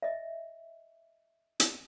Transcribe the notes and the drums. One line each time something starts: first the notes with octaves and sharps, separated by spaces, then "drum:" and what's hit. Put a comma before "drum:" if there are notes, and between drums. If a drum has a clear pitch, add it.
D#5 E5
drum: hi-hat